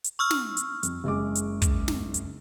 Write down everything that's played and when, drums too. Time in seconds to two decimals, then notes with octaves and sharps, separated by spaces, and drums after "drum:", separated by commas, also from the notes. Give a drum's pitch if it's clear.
0.04 drum: hi-hat
0.19 C#6 E6 F6
0.31 drum: snare
0.57 drum: hi-hat
0.83 F2, drum: hi-hat
1.04 F#1 G#3 D6
1.35 drum: hi-hat
1.62 drum: kick, hi-hat
1.88 drum: snare
2.14 drum: hi-hat